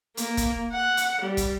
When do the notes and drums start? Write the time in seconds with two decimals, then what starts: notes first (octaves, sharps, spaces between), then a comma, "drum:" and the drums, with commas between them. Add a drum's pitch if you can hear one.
0.17 A#3, drum: hi-hat
0.37 drum: kick, hi-hat
0.73 F#5
0.97 drum: hi-hat
1.21 G3
1.37 drum: kick, hi-hat